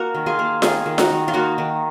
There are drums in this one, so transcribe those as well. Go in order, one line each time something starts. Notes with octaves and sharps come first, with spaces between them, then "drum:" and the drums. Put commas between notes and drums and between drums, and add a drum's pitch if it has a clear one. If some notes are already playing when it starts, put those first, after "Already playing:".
Already playing: A#3 F#4 A#4
D#3
F4 G#4
A#3
D#3 F4 G#4, drum: snare F4
D#3
D#4 F#4, drum: snare F4
D#3
F4
A#3 D#4 F#4
D#3